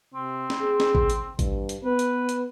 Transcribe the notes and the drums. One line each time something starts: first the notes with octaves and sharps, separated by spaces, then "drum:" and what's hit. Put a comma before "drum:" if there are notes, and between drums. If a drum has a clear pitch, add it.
C3 C4
drum: snare
G#4
drum: snare
drum: kick A1
drum: hi-hat
G2, drum: kick A1, hi-hat
drum: hi-hat
B3 B4
drum: hi-hat
drum: hi-hat